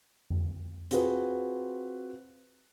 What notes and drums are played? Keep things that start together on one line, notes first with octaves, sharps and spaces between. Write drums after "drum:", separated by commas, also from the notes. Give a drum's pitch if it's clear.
drum: tom F2
C4 F4 F#4 G#4 B4, drum: hi-hat